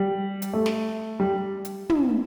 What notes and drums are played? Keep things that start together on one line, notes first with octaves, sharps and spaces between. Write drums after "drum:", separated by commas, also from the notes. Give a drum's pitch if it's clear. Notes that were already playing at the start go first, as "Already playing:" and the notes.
Already playing: G3
drum: hi-hat
A3
drum: snare
G3
drum: hi-hat
drum: tom